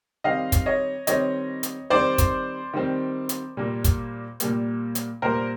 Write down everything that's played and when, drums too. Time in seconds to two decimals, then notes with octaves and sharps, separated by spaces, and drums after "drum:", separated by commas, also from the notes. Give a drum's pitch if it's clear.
0.24 D#3 G3 C4 D#5 F5
0.52 drum: kick, hi-hat
0.66 C#5 D#5
1.07 D#3 G3 C4 C#5 D#5, drum: hi-hat
1.63 drum: hi-hat
1.90 D#3 G3 C4 C5 D5
2.18 drum: kick, hi-hat
2.74 D#3 G3 C4
3.29 drum: hi-hat
3.57 A#2 G3 A#3
3.84 drum: kick, hi-hat
4.40 A#2 G3 A#3, drum: hi-hat
4.95 drum: hi-hat
5.22 A#2 G3 A#3 A#4 C5